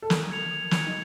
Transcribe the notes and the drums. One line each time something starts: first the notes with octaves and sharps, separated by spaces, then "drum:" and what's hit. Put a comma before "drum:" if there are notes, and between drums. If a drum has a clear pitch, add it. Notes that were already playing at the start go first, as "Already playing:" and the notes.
A4
A#4 D#6, drum: snare
G#6 C#7 F7
D#6
G#6 C#7 F7, drum: snare
D#4